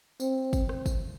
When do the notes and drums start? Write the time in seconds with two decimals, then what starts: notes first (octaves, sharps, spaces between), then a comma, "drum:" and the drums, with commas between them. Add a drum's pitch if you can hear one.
0.20 C4, drum: tambourine
0.53 drum: kick, tambourine
0.69 drum: rim click
0.86 drum: kick, tambourine